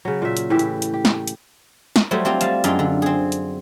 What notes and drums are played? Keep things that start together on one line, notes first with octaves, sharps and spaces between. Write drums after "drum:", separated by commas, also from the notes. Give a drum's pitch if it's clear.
C#3 F#3
A#2 E5
drum: hi-hat
A2 E3 G4 E5
drum: hi-hat
drum: hi-hat
G4
drum: snare
drum: hi-hat
drum: snare
F#3 G3 A3 C5
F#3 C4 F4 G4
G3 F5 A5, drum: hi-hat
F#2 G#3 F4 G4, drum: hi-hat
D3
C4 G#4
drum: hi-hat